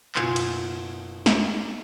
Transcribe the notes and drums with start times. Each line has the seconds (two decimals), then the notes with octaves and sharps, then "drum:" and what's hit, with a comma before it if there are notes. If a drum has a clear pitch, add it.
0.15 F#1 B2 F4 G#5 C6, drum: clap
0.36 drum: cymbal
1.26 drum: snare